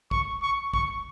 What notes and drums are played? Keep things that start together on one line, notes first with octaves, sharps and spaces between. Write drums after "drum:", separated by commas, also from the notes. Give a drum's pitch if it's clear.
C#6, drum: kick
C#6
C#6, drum: kick